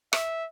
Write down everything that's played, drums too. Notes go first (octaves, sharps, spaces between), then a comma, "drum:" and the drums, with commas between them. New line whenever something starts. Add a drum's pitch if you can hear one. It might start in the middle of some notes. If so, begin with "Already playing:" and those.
E5, drum: rim click